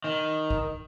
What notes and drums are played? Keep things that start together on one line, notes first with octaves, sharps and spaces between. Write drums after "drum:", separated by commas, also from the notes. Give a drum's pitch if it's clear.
D#3
drum: kick